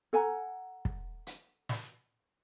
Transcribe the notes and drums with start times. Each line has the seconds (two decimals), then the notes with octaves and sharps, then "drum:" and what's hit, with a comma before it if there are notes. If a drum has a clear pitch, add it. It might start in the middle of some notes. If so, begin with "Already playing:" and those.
0.13 A4 F#5 G#5 A#5
0.85 drum: kick
1.27 drum: hi-hat
1.69 drum: snare